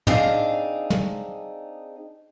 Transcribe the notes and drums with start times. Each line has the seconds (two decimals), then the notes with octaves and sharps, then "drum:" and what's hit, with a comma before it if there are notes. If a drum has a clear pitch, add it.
0.07 C4 D4 D#4 G#4 F5, drum: tom
0.90 drum: tom